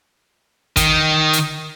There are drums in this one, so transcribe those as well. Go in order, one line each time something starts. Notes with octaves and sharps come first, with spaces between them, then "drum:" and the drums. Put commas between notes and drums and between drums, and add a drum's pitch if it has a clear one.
D#3, drum: kick, hi-hat
drum: hi-hat